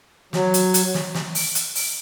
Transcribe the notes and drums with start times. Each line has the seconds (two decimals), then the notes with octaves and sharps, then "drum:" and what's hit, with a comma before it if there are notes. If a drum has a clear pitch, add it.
0.33 F#3, drum: snare
0.54 drum: hi-hat
0.74 drum: hi-hat
0.94 drum: snare
1.15 drum: snare
1.35 drum: open hi-hat
1.55 drum: hi-hat
1.75 drum: open hi-hat